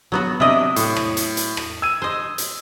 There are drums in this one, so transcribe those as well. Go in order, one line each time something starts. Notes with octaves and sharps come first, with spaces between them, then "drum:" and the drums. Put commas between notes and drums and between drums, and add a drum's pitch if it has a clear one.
F#3 B3 F#4
C3 D4 D#5 E5 D#6
A2, drum: hi-hat
drum: rim click
drum: hi-hat
drum: hi-hat
drum: rim click
E6 G#6 D#7
C5 D#5
drum: hi-hat